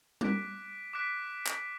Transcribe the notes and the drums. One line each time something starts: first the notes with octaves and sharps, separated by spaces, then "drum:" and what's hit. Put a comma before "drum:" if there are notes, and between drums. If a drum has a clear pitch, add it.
D6 F#6 B6 D7, drum: tom G3
D6 F#6 B6 D7
drum: clap